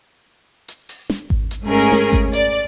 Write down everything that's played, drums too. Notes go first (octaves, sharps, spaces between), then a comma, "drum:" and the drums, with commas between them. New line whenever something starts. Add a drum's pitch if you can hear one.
drum: hi-hat
drum: open hi-hat
drum: snare
drum: kick G#1
drum: hi-hat
G#2 A3 C#4 G#4 A#4
drum: snare
drum: kick G#1, hi-hat
D5, drum: hi-hat